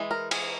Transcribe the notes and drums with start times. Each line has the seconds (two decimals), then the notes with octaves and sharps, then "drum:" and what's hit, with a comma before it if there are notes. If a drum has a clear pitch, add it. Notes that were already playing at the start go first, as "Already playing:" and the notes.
Already playing: E3 G#3
0.11 A#4
0.31 G#4, drum: cymbal